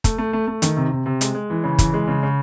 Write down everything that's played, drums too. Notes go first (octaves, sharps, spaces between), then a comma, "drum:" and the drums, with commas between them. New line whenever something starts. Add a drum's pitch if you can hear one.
A3, drum: kick, hi-hat
A3
A3
A3
D#3, drum: hi-hat
C3
C3
C3
G#3, drum: hi-hat
G#3
E3
C#3
E3, drum: kick, hi-hat
G#3
C#3
C#3